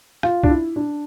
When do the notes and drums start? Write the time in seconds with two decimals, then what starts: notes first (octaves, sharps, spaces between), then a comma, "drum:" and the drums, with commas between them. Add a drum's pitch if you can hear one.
0.23 F4, drum: rim click
0.44 D4, drum: kick C2
0.49 E4
0.76 D4